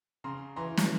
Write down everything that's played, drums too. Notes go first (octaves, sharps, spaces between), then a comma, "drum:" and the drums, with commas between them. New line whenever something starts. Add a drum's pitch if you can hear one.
C#3 A#5 C6
E3 A#5 C6
drum: snare